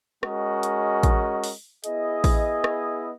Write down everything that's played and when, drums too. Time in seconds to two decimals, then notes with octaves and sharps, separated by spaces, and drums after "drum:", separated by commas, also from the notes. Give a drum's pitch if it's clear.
0.23 G#3 C#4 F#4 A#4 D#5, drum: rim click
0.63 drum: hi-hat
1.03 drum: kick A1, hi-hat
1.44 drum: open hi-hat
1.84 B3 E4 G#4 D#5, drum: hi-hat
2.24 drum: kick A1, open hi-hat
2.64 drum: rim click